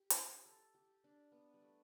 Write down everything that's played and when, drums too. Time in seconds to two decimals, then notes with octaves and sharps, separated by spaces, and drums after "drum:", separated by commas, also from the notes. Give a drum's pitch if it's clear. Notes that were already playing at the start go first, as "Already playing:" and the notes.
Already playing: G4
0.10 drum: hi-hat
0.46 A4
0.75 G4
1.04 D4
1.32 B3
1.54 G3
1.62 A3